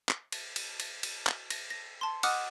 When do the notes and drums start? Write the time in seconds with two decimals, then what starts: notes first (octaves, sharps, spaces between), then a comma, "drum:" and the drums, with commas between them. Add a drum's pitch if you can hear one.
0.09 drum: clap
0.32 drum: cymbal
0.56 drum: cymbal
0.80 drum: cymbal
1.03 drum: cymbal
1.27 drum: clap
1.50 A#6, drum: cymbal
1.70 A#6
2.01 A5 C6
2.23 D#5 F#5 D6 D#6 F6 F#6, drum: cymbal